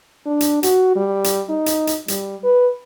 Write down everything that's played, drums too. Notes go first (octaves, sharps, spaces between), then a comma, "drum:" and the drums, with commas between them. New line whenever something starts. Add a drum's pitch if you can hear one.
D4
drum: hi-hat
F#4, drum: hi-hat
G3
drum: hi-hat
D#4
drum: hi-hat
drum: hi-hat
G3, drum: hi-hat
B4